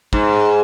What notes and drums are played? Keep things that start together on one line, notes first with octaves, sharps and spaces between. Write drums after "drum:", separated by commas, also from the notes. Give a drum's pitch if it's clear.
G#2, drum: kick